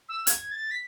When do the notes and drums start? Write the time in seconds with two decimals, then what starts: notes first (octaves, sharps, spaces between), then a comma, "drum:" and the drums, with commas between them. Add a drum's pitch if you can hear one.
0.09 E6
0.27 G#6, drum: hi-hat
0.51 A6
0.71 B6